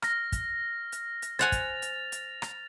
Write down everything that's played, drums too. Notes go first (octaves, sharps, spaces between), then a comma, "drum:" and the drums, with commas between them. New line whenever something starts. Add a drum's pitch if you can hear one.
F6 A#6, drum: rim click
drum: kick, hi-hat
drum: hi-hat
drum: hi-hat
C5 F#5 G#5 A6 F7
drum: kick, hi-hat
drum: hi-hat
drum: hi-hat
drum: rim click